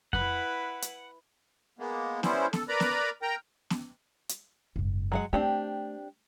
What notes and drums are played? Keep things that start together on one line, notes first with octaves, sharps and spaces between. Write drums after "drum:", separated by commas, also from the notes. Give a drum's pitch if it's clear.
E4 B4 F#5, drum: kick F2
drum: hi-hat
G#3 A#3 B3
G3 B3 C#4 E4 C5, drum: snare B3
A4, drum: snare B3
A#4 B4 D5 A#5 B5
drum: snare B3
A#4 G5 A#5
drum: snare B3
drum: hi-hat
F#1 G#2
F#3 G#3 F#5
A3 C4 D4 G4